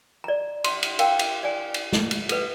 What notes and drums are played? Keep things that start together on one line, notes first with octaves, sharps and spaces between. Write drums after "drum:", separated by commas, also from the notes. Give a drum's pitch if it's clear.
D5 A#5
C6, drum: cymbal
drum: cymbal
A#4 F5 G5, drum: cymbal
drum: cymbal
D5 G#5
drum: cymbal
drum: snare
drum: cymbal
A4 B4, drum: cymbal